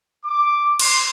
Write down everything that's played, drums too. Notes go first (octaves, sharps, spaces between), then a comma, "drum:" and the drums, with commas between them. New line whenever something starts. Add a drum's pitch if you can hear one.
D6
C6, drum: cymbal